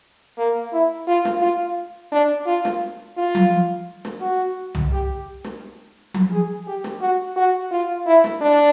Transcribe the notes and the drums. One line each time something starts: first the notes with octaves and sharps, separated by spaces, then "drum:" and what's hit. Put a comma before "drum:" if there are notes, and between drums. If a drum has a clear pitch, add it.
A#3
E4
F4
drum: snare
F4
D4
F4
drum: snare
F4
drum: tom F3
drum: snare
F#4
drum: tom
G4
drum: snare
drum: tom F3
G#4
G4
drum: snare
F#4
F#4
F4
E4
drum: snare
D4